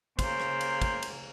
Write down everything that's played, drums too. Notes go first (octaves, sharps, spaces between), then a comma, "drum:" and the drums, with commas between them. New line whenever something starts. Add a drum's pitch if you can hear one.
C#3 A#3 C5, drum: kick, cymbal
drum: rim click
drum: cymbal
drum: kick, cymbal
drum: cymbal